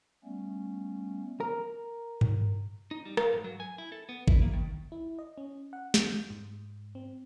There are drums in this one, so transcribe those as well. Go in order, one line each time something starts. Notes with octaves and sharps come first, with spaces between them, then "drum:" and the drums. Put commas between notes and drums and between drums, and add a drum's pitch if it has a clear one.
G3 A3 B3 C#4
A#4
drum: tom G2
D#4
G3
F5, drum: rim click
G#2
F#3
G#5
E4
A4
B3
E4, drum: kick
A#3
D#3
E4
D#5
C#4
F#5
G6, drum: snare
G#2
C4